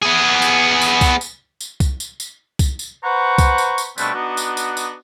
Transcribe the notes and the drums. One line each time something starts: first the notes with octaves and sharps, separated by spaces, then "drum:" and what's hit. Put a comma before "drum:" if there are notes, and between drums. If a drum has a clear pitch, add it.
B3 G#4
drum: tambourine
drum: tambourine
drum: kick C2, tambourine
drum: tambourine
drum: tambourine
drum: kick C2, tambourine
drum: tambourine
drum: tambourine
drum: kick C2, tambourine
drum: tambourine
B4 C5 F#5 A#5 C#6
drum: kick C2, tambourine
drum: tambourine
drum: tambourine
B2 G3 A3 C4 D4 B4, drum: tambourine
B3 D4 D#4 F#4
drum: tambourine
drum: tambourine
drum: tambourine